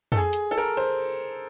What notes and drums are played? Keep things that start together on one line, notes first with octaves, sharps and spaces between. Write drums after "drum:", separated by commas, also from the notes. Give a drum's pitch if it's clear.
A4, drum: tom F2
G#4
drum: hi-hat
A4
A#4
C5